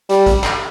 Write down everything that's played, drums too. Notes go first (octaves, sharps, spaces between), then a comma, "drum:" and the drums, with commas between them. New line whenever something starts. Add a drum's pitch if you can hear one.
G3, drum: hi-hat
drum: kick, hi-hat
drum: clap